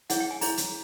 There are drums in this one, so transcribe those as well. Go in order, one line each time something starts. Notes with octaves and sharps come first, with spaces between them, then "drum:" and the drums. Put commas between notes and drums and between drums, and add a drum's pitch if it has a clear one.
E4 G#4 C#5 F#5, drum: hi-hat
G5
G#5
E4 G#4 C#5 A#5, drum: open hi-hat
drum: hi-hat